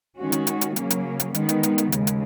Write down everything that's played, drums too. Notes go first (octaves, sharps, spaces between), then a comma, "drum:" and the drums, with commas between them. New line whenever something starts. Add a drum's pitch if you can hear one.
D#3 G#3 C#4 F#4
drum: hi-hat
drum: hi-hat
drum: hi-hat
C#3 F#3 A#3 C#4, drum: hi-hat
drum: hi-hat
drum: hi-hat
D#3 G#3 B3, drum: hi-hat
drum: hi-hat
drum: hi-hat
drum: hi-hat
D#2 C#3 G#3, drum: hi-hat
drum: hi-hat